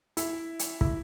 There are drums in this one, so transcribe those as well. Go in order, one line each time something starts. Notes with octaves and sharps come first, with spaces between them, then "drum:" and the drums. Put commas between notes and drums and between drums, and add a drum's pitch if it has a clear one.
E4, drum: hi-hat
drum: hi-hat
E4, drum: kick